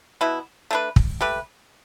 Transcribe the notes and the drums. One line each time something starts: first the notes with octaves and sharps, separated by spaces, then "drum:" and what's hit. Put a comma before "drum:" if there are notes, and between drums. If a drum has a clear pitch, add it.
B2 B3 E4
A3 D4 B4
drum: kick
A3 G4 B4